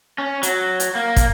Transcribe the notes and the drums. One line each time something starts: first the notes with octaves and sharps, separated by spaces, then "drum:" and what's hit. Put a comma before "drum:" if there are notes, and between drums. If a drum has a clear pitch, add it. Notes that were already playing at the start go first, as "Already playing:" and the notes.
C#4
F#3, drum: hi-hat
drum: hi-hat
A#3
drum: kick, hi-hat